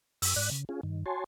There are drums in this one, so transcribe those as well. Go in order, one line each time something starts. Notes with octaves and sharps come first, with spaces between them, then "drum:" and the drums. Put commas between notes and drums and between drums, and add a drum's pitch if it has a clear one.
F#2 E6, drum: open hi-hat
G#2 D5 F#6
C#3
C#4 F4 G#4
G2 D#3
F#4 C#5 G#5 A5 C6